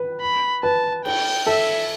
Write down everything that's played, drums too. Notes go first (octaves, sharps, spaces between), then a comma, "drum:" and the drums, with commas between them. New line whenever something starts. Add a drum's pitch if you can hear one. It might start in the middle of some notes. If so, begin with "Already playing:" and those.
Already playing: B4
B5
B4 A5
G5, drum: cymbal
A4 E5